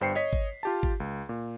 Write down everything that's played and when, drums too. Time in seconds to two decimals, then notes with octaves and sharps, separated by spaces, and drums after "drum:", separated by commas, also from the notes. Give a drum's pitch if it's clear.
0.01 G1 G2 C5 G5 C7 C#7
0.15 C#5 D#5 B6
0.33 drum: kick G#1
0.63 F4 G4 A5
0.83 drum: kick G#1
1.00 C#2
1.29 A#2